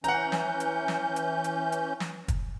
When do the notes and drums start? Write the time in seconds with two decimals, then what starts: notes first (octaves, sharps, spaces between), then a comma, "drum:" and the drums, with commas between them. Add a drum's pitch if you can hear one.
0.04 E3 C#4 F#5 A#5 G6, drum: hi-hat
0.32 drum: snare
0.60 drum: hi-hat
0.88 drum: snare
1.16 drum: hi-hat
1.44 drum: hi-hat
1.72 drum: hi-hat
2.00 drum: snare
2.28 drum: kick, hi-hat